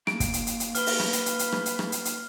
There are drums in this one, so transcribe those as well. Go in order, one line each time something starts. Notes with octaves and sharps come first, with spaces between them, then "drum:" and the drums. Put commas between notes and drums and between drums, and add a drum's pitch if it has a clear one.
A#3 D7, drum: rim click
drum: kick, hi-hat
drum: hi-hat
drum: hi-hat
drum: hi-hat
B4 F6 G7, drum: hi-hat
drum: open hi-hat
drum: rim click
drum: hi-hat
drum: hi-hat
drum: hi-hat
drum: rim click
drum: hi-hat
drum: rim click
drum: hi-hat
drum: hi-hat